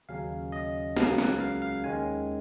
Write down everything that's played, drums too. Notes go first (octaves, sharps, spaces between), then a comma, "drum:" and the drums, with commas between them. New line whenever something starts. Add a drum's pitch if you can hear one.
D#2 C#3 F#3 C#4 F5
D#5
C#2 C#3 F#3 A#3 F5, drum: snare
F#5, drum: snare
F5
F5
D#2 D#3 G#3 C#4 G#5